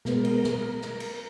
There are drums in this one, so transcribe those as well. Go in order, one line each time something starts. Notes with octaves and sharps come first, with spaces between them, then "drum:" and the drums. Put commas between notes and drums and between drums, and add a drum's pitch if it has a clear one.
B2 G#3 B3 A#4, drum: snare
drum: cymbal
drum: snare
A#4
drum: snare
drum: cymbal